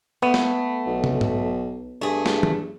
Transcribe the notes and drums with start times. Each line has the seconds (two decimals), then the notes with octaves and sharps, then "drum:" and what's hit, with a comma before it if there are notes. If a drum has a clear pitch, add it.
0.22 A3 B3
0.34 drum: snare
0.86 B1
1.04 drum: tom
1.21 drum: tom
2.01 G2 A3 G#4
2.26 drum: snare
2.43 drum: tom